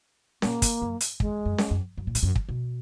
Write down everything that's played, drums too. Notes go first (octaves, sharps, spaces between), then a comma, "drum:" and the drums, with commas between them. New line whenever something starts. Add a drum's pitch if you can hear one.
A#2 A#3, drum: snare C#4
drum: kick, hi-hat
F#2
drum: hi-hat
E2 G#3, drum: kick
F#2
drum: snare C#4
F#2
F#2
A#2
G#2, drum: hi-hat
F#2
drum: kick
B2